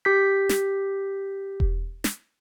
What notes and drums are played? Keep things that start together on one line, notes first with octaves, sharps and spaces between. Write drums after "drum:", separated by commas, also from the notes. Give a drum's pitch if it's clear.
G4 G6 B6
drum: snare
drum: kick E1
drum: snare